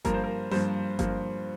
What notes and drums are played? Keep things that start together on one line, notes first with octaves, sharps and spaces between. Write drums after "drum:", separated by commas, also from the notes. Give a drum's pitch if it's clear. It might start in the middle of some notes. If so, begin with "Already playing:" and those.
G2 F3 A#3 A#4, drum: kick G1, hi-hat
C5
A#4
G2 F3 A#3 C5, drum: snare
G2 F3 A#3, drum: kick G1, hi-hat